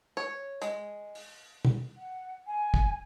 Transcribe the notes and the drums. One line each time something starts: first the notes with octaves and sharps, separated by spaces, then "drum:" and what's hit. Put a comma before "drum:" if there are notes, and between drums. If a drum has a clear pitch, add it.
C#5
G#3, drum: hi-hat
drum: open hi-hat
drum: tom B2
F#5
G#5
drum: kick